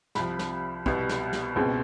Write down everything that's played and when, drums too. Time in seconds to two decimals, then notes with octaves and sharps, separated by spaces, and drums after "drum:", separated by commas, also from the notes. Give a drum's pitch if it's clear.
0.15 C2 C3 F3 B5, drum: snare
0.39 drum: snare
0.86 C2 B2 G3 B3, drum: kick
1.09 drum: snare
1.33 drum: snare
1.55 C#2 B2 G#3 C4